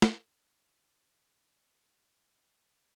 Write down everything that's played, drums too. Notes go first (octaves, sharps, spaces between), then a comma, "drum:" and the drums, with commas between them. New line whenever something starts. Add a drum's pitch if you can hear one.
drum: snare
D3 D#4 C#5